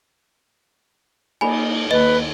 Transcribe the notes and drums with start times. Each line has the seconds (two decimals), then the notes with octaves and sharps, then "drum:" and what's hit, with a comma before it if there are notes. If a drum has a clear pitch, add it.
1.41 A#3 D#4 G#5 B5, drum: cymbal
1.91 D#2 A#3 B4 D#5